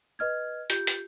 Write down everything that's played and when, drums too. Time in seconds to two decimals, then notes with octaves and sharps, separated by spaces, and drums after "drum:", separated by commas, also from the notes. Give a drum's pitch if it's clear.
0.19 B4 D#5 F6 G#6
0.70 F4 G4 G6, drum: hi-hat
0.87 drum: hi-hat